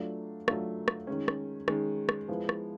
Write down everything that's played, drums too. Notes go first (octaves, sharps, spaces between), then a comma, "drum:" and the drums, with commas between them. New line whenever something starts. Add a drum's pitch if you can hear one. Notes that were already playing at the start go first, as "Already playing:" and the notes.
Already playing: F#3 A3 D4 F4
F#3 A3 D4 F4, drum: rim click
drum: rim click
D#3 G#3 C#4
drum: rim click
D#3 G#3 C#4, drum: rim click
drum: rim click
F3 G#3 B3 E4
drum: rim click